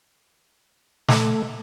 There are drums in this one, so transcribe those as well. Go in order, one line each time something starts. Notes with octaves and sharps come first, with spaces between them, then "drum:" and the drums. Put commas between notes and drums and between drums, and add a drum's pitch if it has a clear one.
A3, drum: snare